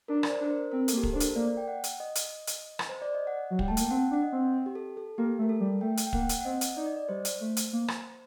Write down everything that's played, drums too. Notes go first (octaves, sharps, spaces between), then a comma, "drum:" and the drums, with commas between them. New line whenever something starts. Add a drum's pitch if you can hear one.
D4 A#4
D5, drum: rim click
C5
D4 A#4
C5
C4 A#4
A4, drum: hi-hat
A#3
G4
A4, drum: kick
D4 C5
A#4, drum: hi-hat
A#3 D5
G5
F#5
drum: hi-hat
D#5
drum: hi-hat
drum: hi-hat
drum: rim click
C5
D5
D#5
F#5
F#3
G3 G5, drum: kick
A3 A5
A#3 G5, drum: hi-hat
C4 F#5
D4 F#5
D#5
C4
G4
A4
A4
A#3 G4
A3
A#4
A4
G3
A3 G5
drum: hi-hat
G5
A#3 F#5, drum: kick
drum: hi-hat
F#5
C4 D#5
drum: hi-hat
D#4 D5
D#5
D5
G3 C5
drum: hi-hat
A3
drum: hi-hat
A#3
drum: rim click